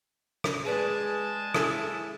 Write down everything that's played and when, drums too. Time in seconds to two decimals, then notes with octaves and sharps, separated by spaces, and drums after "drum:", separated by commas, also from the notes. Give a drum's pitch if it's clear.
0.44 drum: rim click
0.65 G#3 G#4 B4 D5 A5
1.54 E4 G#4 A4, drum: rim click